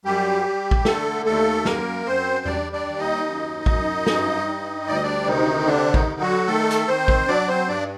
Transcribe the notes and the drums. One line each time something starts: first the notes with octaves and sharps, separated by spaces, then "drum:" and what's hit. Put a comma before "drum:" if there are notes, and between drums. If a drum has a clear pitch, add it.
F#2 G3 G4
G3
drum: kick
D3 A3 A4, drum: snare
D#2 A3 A4
F#2 A#3 A#4, drum: snare
F#2 C4 C5
G3 D4 D5, drum: tom E2
D4 D5
D#2
D#4 D#5
F#2
F#2, drum: kick
G2, drum: snare
G3
D2 D5
D#5
D4 D5
C3 D#3 D#4
D3 D4
D#3 D#4, drum: kick
D3
F#3 F#4
D#3 A3 A4
drum: hi-hat
D#3 C4 C5
drum: kick
F#3 D4 D5
C4 C5
G2 D4 D5